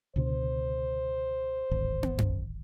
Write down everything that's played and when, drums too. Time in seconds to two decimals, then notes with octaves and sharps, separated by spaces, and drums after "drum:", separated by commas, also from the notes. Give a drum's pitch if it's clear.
0.16 C#2 B2 D3 C5
1.71 D1 G#1
2.03 drum: tom
2.18 drum: tom F#2